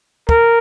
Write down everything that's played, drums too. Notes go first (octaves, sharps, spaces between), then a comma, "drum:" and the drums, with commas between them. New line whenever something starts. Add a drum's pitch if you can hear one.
A#4, drum: kick